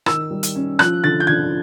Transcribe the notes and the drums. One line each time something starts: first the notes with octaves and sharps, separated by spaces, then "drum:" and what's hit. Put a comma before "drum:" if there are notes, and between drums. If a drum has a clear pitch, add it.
D#3 E6, drum: rim click
G3
drum: hi-hat
C#4
F3 F#6, drum: rim click
D3 A6
G6
D3 G#6